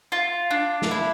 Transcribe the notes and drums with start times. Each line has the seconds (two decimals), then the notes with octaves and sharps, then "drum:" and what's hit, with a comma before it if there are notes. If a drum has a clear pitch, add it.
0.12 F4
0.51 D4
0.82 drum: snare
0.91 E4